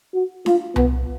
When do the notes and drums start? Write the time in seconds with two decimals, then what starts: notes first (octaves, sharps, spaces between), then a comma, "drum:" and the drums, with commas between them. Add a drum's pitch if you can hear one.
0.14 F#4
0.46 F4, drum: snare D4
0.76 B3, drum: tom C2